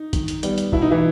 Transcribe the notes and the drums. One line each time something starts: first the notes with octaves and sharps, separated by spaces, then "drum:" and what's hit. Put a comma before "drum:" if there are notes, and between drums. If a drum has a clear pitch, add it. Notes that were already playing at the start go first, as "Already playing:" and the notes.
Already playing: D#4
D#3, drum: kick A1, hi-hat
drum: hi-hat
G3 B3, drum: hi-hat
drum: hi-hat
B2 E4, drum: kick A1
D#4
E3 E4